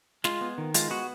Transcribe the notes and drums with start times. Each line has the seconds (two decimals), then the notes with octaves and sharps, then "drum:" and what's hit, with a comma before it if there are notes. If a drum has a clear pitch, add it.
0.24 G#3 F4, drum: snare
0.41 B3
0.58 D#3
0.74 G#3 F4, drum: hi-hat
0.90 B3 F#4